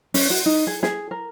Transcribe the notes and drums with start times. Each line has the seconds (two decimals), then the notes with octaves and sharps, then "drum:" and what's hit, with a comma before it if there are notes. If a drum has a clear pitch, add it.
0.14 C#4, drum: open hi-hat
0.30 F#4
0.46 D#4
0.67 G#4
0.83 G#4, drum: snare
1.11 A#4